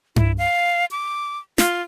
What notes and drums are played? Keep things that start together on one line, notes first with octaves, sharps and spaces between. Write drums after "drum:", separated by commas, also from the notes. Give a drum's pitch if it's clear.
E4, drum: tom G2
F5
D6
F4, drum: snare